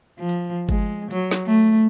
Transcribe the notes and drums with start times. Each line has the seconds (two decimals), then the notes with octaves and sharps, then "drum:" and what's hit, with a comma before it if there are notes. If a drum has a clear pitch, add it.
0.19 F3
0.29 drum: hi-hat
0.69 G#3, drum: kick G1, hi-hat
1.11 F#3, drum: hi-hat
1.31 drum: snare
1.46 A3